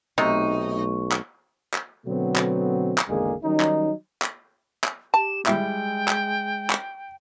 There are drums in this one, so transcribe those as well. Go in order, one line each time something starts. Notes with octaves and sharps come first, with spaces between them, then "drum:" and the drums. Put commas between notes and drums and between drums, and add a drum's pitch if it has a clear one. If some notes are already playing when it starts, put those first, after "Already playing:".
B1 C3 A3 D#4 C#6
drum: clap
drum: clap
B2 D3 F#3 A3 B3 C4
drum: clap
drum: clap
G#1 E2 D3 G#3 A#3 G#4
D#3 F#3 G3 C#4 D#4
drum: clap
drum: clap
drum: clap
G4 A5 E7
G3 G#3 E4 G5, drum: clap
drum: clap
drum: clap